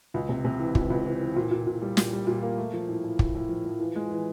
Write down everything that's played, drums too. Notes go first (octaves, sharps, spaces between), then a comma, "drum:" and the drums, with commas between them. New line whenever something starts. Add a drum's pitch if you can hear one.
C#2
C3
C3
E3
C#2, drum: kick
C#2
E3
E3
A#2
A#2
A#2
G3
A#2, drum: snare
G3
A#2
A#3
A3
F3
A2
A2
A2, drum: kick
A2
F3
F3
E3
G#3
E3